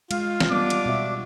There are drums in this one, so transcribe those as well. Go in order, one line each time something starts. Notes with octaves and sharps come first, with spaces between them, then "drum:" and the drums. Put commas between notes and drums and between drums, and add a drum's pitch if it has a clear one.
G#3 F4 F5, drum: cymbal
drum: snare
G3 B3 D4 D6
drum: cymbal
B2 F#4 E5